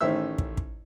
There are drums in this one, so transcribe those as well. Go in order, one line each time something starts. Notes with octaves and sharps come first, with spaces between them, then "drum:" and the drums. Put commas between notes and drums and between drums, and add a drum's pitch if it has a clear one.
A1 D#3 C#4 C5 E5 E6
drum: kick
drum: kick